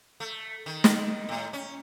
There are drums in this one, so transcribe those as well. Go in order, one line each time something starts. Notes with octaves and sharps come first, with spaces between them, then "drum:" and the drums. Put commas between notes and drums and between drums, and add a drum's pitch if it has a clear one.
A3
D#3
drum: snare
A2
C#4